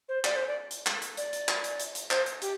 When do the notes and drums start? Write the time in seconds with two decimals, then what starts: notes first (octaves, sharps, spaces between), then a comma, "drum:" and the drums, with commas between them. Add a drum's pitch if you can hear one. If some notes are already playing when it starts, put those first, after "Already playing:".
0.09 C5
0.25 D5, drum: clap
0.36 C5
0.48 D5
0.71 drum: hi-hat
0.86 drum: clap
1.02 drum: hi-hat
1.17 D5, drum: hi-hat
1.33 drum: hi-hat
1.49 drum: clap
1.64 drum: hi-hat
1.80 drum: hi-hat
1.95 drum: hi-hat
2.11 C5, drum: clap
2.26 drum: hi-hat
2.42 G4, drum: hi-hat